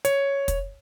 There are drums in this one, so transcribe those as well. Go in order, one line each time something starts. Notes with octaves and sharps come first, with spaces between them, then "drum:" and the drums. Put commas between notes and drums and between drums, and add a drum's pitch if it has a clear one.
C#5, drum: hi-hat
drum: kick, hi-hat